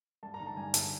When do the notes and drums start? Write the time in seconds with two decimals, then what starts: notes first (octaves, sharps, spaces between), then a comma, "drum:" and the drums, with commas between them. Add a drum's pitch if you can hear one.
0.23 G2 A5
0.34 A#5
0.40 D3
0.46 A5
0.57 G2 G#5
0.74 D3 A5, drum: hi-hat